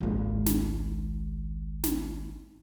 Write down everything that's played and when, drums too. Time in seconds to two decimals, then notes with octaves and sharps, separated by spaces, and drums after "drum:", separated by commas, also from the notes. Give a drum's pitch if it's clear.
0.01 G#1 C#2
0.46 drum: snare
1.84 drum: snare